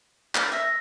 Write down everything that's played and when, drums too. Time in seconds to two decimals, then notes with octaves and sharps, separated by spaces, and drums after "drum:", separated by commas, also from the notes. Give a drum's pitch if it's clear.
0.35 F6, drum: clap
0.52 E5 A#6